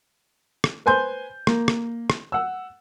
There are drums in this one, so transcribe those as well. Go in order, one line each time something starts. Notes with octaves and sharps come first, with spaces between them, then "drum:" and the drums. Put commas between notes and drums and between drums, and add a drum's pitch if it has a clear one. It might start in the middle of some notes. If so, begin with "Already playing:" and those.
drum: rim click
B4 C5 G#5 C6 G6
A#3, drum: rim click
drum: rim click
drum: rim click
F#5 E6